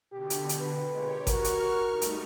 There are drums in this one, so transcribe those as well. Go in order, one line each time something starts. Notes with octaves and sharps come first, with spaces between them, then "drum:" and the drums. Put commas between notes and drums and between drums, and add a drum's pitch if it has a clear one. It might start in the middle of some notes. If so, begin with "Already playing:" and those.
B2 D3 G4
drum: hi-hat
drum: hi-hat
B4
A#2 G#3 G4 C#5
F#4 A#4 C#6 F6, drum: kick G#1, hi-hat
drum: hi-hat
G3 A3 D#4
drum: hi-hat